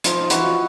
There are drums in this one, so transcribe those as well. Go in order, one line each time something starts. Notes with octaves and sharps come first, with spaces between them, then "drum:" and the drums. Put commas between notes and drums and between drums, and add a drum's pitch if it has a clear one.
F3 D#4 F4, drum: hi-hat
F3 F4
E3 E4 F#4, drum: hi-hat
F3